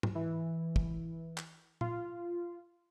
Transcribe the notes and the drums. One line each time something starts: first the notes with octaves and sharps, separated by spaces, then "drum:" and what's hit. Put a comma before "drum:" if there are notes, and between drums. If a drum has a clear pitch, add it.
drum: tom G#2
E3
drum: kick
drum: clap
F4, drum: tom A#2